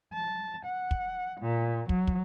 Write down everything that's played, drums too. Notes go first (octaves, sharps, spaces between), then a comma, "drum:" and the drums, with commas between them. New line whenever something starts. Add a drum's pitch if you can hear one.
A5
F#5
drum: kick
A#2
F#3, drum: kick
drum: kick